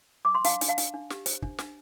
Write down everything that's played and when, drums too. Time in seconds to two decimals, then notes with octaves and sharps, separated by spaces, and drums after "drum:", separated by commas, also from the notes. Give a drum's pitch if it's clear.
0.25 D6
0.35 C6
0.44 D4 F5 A5, drum: hi-hat
0.61 D4, drum: hi-hat
0.69 F5 A5
0.78 D4, drum: hi-hat
0.94 D4
1.10 G4, drum: snare
1.26 C5, drum: hi-hat
1.42 D4, drum: kick
1.58 D4, drum: snare